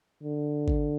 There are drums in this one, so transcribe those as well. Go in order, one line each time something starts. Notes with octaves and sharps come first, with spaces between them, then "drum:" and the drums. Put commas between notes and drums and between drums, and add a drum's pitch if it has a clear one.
D3
drum: kick G#1